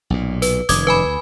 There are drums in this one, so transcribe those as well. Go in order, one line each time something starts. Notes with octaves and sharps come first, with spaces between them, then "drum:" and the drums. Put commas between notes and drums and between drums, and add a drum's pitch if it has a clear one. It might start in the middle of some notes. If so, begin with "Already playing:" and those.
B1 A#2
B4, drum: hi-hat
F1 F#2 D#3 D6 D#6 G#6, drum: hi-hat
B4 G#5 B5
D2